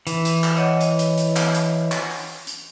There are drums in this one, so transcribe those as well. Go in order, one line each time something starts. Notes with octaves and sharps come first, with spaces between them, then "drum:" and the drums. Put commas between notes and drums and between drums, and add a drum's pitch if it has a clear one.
E3, drum: hi-hat
drum: hi-hat
drum: clap
C#5 D#5 F#5
drum: hi-hat
drum: hi-hat
drum: hi-hat
drum: clap
drum: hi-hat
drum: clap
drum: open hi-hat
drum: hi-hat